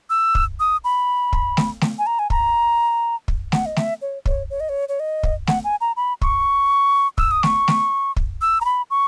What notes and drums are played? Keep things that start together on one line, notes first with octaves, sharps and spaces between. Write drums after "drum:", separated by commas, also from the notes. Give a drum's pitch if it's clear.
E6
drum: kick
D#6
B5
drum: kick
drum: snare A3
drum: snare A3
G#5
A#5
G#5
A#5, drum: kick
drum: kick
F#5, drum: snare A3
D#5
E5, drum: snare A3
C#5
C#5, drum: kick
C#5
D#5
C#5
C#5
D#5
drum: kick
F#5, drum: snare A3
G#5
A#5
B5
C#6, drum: kick
E6, drum: kick
D#6
C#6, drum: snare A3
drum: snare A3
drum: kick
E6
A#5
B5
C#6